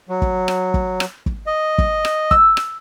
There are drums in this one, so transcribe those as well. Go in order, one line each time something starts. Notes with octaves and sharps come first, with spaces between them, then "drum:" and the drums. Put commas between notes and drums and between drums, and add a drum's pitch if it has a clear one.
F#3
drum: kick
drum: rim click
drum: kick
drum: rim click
drum: kick
D#5
drum: kick
drum: rim click
E6, drum: kick
drum: rim click